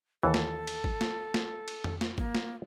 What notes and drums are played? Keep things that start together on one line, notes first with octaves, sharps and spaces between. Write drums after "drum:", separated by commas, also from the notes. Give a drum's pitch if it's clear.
D#2 E3 A4
drum: snare
drum: cymbal
drum: kick
drum: snare
drum: snare
drum: cymbal
drum: tom F2
drum: snare
A#3, drum: kick
drum: snare